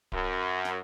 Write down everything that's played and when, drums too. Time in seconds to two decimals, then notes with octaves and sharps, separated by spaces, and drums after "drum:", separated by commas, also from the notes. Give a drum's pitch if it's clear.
0.12 F#2, drum: kick D1
0.65 drum: snare